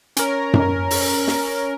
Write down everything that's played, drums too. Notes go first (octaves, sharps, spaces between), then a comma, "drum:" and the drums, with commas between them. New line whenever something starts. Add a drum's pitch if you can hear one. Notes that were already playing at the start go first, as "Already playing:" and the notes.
C#4 A#4, drum: hi-hat
drum: tom F#2
drum: open hi-hat
drum: snare